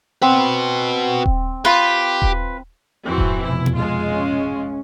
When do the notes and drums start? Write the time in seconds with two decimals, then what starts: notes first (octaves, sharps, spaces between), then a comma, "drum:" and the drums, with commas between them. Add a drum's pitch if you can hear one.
0.22 C4 F#4 B4
1.26 drum: kick D#1
1.65 F4 G4 B4
2.22 drum: kick D#1
3.05 F2 G#2 E3 C4 F#4
3.18 drum: kick D#1
3.42 F1 B2 E4
3.66 drum: tom A#2
3.75 G#3 F4
4.06 C#4